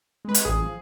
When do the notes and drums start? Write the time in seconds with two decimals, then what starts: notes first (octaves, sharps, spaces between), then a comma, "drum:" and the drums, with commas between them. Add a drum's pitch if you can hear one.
0.25 G#3 B4
0.34 drum: hi-hat
0.45 A1 G#4
0.61 F3